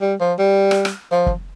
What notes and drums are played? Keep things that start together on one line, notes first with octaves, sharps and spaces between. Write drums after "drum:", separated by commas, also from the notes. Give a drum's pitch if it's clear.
G3
F3
G3
drum: rim click
drum: rim click
F3
drum: kick